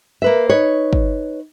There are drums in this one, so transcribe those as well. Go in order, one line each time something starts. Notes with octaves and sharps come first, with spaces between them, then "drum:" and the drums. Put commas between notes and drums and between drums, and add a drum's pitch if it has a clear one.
A#3 B4 E5
D#4 B4 C#5
drum: kick